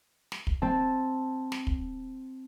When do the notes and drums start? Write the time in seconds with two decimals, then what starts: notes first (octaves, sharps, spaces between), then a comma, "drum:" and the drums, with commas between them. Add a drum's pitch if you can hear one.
0.32 drum: snare
0.47 drum: kick
0.62 C4 A5
1.52 drum: snare
1.67 drum: kick